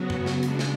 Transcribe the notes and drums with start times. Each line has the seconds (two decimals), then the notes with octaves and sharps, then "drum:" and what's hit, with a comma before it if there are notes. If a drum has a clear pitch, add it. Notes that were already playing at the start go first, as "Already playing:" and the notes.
Already playing: C#3 F#3 B3 F#4
0.10 drum: tom F#2
0.26 drum: snare
0.43 C#3 G#3 D4, drum: hi-hat
0.59 drum: snare